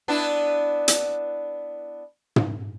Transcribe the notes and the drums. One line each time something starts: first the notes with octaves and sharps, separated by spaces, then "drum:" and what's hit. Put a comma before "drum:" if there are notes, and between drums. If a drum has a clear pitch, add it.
B3 D4 E4
drum: hi-hat
drum: tom